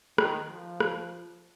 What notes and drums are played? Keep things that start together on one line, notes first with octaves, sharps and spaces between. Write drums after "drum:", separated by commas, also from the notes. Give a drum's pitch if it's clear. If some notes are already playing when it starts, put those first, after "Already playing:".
D#3, drum: rim click
F3
drum: rim click